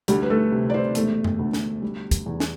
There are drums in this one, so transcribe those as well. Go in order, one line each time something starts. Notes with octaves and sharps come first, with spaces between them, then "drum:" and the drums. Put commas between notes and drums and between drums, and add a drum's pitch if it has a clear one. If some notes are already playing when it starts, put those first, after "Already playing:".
D2 G3 G4, drum: hi-hat
B4
A3 A4
C3
D5
C4 C5
E1 A3 A4, drum: hi-hat
drum: tom F2
D2
drum: snare
G3
drum: kick, hi-hat
E2
drum: snare